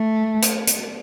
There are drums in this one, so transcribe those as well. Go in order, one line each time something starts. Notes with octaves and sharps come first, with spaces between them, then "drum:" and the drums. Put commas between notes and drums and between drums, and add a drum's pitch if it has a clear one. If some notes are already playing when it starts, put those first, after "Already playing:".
Already playing: A3
drum: hi-hat
drum: hi-hat